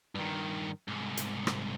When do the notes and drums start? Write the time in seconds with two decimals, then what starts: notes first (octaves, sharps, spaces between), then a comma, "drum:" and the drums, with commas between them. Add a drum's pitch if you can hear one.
0.15 G2 D#3
0.88 C2 G#2
1.17 drum: hi-hat
1.47 drum: rim click